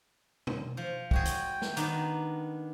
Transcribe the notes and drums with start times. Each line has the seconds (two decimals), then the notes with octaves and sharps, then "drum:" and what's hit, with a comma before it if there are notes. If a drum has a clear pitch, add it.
0.47 drum: tom B2
0.77 F3
1.11 G#3 F#4 G#4 G5, drum: kick
1.25 drum: hi-hat
1.62 drum: snare
1.77 D#3 B3 D4 A#5, drum: hi-hat